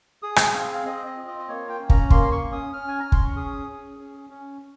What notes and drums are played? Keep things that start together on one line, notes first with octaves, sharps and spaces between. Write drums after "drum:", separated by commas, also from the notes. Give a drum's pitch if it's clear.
G#4 D#6
drum: rim click
C4 F5
F5
C4 D#5
D#5
F4
D#5
D#5
A#3 C#5
G5
C#4
A#5, drum: kick
A#3 C6, drum: kick
C#6
C#4
D#6
C#4 F6
G#5
C#4 A#5
C6, drum: kick
C#6
G#4 D#6
C#4
C#4
C#4